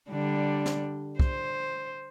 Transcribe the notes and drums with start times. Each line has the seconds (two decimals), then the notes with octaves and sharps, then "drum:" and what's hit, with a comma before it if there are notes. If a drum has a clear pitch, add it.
0.11 D3 G3 D4
0.66 drum: snare
1.20 C5, drum: kick